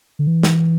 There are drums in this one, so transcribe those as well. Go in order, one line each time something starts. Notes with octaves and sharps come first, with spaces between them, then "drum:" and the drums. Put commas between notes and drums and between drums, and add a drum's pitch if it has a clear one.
D3
E3
drum: snare